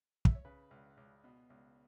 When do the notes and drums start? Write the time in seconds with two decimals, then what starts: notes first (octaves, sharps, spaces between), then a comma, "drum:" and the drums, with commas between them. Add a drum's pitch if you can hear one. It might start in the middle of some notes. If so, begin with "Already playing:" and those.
0.25 E5, drum: kick
0.35 C#5
0.45 C#3 B4
0.71 C#2
0.97 C#2
1.24 B2
1.50 C#2